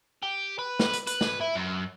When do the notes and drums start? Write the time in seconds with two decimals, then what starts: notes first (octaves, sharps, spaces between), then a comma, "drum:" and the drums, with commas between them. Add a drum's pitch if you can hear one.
0.23 G4
0.59 B4
0.79 drum: snare
0.93 drum: hi-hat
1.07 B4, drum: hi-hat
1.21 drum: snare
1.41 E4
1.55 F#2